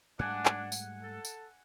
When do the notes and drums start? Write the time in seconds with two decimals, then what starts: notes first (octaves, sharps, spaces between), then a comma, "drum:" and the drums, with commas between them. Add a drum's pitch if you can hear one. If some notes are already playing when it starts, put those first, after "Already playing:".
0.19 G#2 G3 A3 D4 F#5 G#5
0.46 drum: clap
0.72 drum: tambourine
1.02 A4
1.25 drum: tambourine